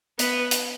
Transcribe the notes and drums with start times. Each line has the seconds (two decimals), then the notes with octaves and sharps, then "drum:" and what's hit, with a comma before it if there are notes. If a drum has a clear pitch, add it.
0.19 B3 B4, drum: hi-hat
0.51 drum: hi-hat